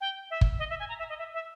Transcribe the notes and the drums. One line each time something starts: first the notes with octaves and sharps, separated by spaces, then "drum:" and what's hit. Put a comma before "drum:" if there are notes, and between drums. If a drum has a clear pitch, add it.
G5
E5
drum: kick
D#5
E5
G#5
A#5
E5
D#5
E5
E5